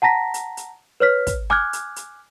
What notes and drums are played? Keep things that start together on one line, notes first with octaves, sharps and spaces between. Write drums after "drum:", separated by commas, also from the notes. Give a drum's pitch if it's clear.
F#5 A5 A#5 A#6 B6
drum: hi-hat
drum: hi-hat
B4 C#5 F6 B6
drum: kick, hi-hat
G#5 D6 F6 F#6 G#6, drum: rim click
drum: hi-hat
drum: hi-hat